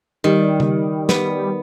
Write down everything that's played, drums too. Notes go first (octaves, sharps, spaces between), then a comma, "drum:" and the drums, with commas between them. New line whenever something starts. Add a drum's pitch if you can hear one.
D#3 G3
drum: tom C#3
B3, drum: snare